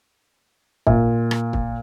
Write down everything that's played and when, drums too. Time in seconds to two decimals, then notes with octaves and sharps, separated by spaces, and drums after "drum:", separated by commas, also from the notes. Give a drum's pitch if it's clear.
0.87 A#2, drum: kick
1.31 drum: rim click
1.53 drum: kick